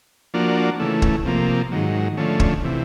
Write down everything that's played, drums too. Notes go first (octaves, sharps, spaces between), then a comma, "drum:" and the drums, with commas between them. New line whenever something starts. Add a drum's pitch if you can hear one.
F3 A#3 D4 F#4
C#3 E3 A3
drum: kick
C3 F3 A#3
G#2 D#3 F#3
D3 F3 A3 C#4
drum: kick
C3 E3